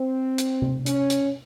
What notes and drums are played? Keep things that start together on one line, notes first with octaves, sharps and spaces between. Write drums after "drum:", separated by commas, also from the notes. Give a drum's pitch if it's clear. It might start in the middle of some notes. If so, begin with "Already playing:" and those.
Already playing: C4
drum: hi-hat
drum: tom C3
C#4, drum: hi-hat
drum: hi-hat